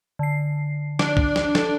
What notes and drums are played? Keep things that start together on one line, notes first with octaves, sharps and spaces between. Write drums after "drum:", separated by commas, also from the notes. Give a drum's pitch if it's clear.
D3 C7
D4, drum: snare
drum: kick
drum: snare
A4, drum: snare